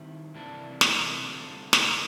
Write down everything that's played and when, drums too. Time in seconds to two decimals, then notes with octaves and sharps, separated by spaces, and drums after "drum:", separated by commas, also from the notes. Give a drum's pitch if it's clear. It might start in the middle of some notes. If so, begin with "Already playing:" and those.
Already playing: D#3 G3 C4 E4 G4
0.35 C3 E3 G3 A#3 D4
0.81 drum: snare
1.27 D3 G3 C4 F4 A4
1.73 drum: snare